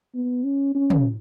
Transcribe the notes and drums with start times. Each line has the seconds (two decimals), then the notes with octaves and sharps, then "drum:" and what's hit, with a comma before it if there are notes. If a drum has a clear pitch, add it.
0.14 B3
0.45 C#4
0.75 C#4
0.90 drum: tom